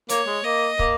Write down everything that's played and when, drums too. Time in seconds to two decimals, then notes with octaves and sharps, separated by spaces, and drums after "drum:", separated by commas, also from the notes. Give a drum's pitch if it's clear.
0.09 A#3 C#5, drum: hi-hat
0.27 G#3
0.44 A#3 D#5
0.79 A#3, drum: kick